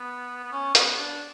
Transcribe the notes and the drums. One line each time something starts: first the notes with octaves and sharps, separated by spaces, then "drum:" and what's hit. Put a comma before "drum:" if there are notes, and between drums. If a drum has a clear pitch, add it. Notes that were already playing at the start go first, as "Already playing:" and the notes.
Already playing: B3
B3
C#4
B3, drum: hi-hat
D4